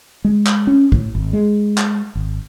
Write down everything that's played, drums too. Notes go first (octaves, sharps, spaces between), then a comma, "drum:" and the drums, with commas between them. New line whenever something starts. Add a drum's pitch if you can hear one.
G#3
drum: clap
C#4
A2, drum: kick
G#1
G#3
drum: clap
G#1